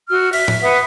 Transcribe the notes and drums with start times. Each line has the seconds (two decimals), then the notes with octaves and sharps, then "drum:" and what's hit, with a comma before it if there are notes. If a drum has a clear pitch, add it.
0.10 F#4 E6 F6
0.33 E5, drum: open hi-hat
0.48 drum: tom A2
0.62 B4 E5 F#5 D#6